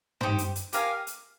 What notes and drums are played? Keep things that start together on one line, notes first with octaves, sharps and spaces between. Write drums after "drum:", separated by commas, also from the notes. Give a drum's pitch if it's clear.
D#4 G4 C5, drum: tom
drum: hi-hat
drum: hi-hat
G4 A#4 F5 G#5, drum: hi-hat
drum: hi-hat